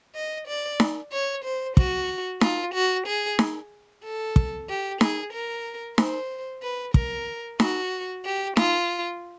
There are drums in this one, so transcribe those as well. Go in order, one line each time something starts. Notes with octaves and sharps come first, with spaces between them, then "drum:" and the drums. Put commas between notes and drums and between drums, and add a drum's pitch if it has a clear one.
D#5
D5
drum: snare D#4
C#5
C5
F#4, drum: kick
F4, drum: snare D#4
F#4
G#4
drum: snare D#4
A4
drum: kick
G4
G#4, drum: snare D#4
A#4
C5, drum: snare D#4
B4
A#4, drum: kick
F#4, drum: snare D#4
G4
F4, drum: snare D#4